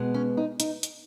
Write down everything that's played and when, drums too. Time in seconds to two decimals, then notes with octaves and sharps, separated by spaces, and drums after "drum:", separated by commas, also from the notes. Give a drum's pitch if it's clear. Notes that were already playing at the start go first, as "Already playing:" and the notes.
Already playing: B2 G#3 B3
0.14 C#4
0.37 D#4
0.60 D#4, drum: hi-hat
0.83 drum: hi-hat